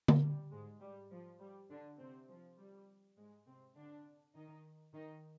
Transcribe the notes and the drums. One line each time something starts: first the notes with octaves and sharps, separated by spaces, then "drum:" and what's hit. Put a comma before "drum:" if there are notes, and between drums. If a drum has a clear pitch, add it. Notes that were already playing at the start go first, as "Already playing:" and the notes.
drum: tom D3
G3
G#2 G#3
G3
F3
G3
D3 D4
C3 C4
F3
G3
G#2 G#3
C3 C4
D3 D4
D#3 D#4
D#3 D#4